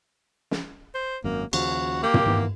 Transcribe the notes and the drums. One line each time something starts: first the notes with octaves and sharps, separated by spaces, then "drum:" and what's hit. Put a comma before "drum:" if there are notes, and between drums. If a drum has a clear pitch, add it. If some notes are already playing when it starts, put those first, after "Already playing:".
drum: snare
C5
G#1 F#2 A#3
D#2 C#3 F3 F#4, drum: cymbal
A#3 G4
drum: tom
D#3 E3 B3